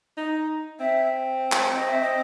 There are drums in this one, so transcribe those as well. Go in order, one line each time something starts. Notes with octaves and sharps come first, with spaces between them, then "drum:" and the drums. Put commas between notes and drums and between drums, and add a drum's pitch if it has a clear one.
D#4
C4 E5
drum: clap
D#5
E5
D#5